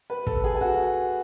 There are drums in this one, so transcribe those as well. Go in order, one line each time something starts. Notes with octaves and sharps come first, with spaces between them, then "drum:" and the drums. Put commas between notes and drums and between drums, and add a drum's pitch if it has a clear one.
B4
A4, drum: kick
G#4
G#4
F#4